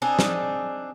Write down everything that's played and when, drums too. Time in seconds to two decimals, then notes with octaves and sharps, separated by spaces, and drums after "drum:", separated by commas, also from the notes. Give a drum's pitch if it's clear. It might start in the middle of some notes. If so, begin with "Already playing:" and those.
0.02 C4 D4 D#4 G#4
0.19 drum: snare